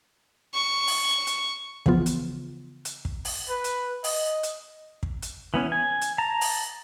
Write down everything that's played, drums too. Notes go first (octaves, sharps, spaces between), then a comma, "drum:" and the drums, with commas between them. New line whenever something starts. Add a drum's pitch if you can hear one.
C#6
drum: open hi-hat
drum: hi-hat
C#3 E3 F3 B3 F4, drum: kick
drum: hi-hat
drum: hi-hat
drum: kick
drum: open hi-hat
B4
drum: hi-hat
D#5, drum: open hi-hat
drum: hi-hat
drum: kick
drum: hi-hat
E3 B3 C#4
G#5
drum: hi-hat
A5 A#5
drum: open hi-hat